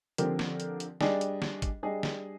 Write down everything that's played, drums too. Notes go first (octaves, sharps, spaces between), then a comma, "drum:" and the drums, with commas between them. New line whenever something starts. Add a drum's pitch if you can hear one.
D3 F3 C4 G4 A#4, drum: hi-hat
drum: snare
drum: hi-hat
drum: hi-hat
G3 D4 G#4 D#5, drum: snare
drum: hi-hat
drum: snare
drum: kick, hi-hat
G3 D4 G#4 D#5
drum: snare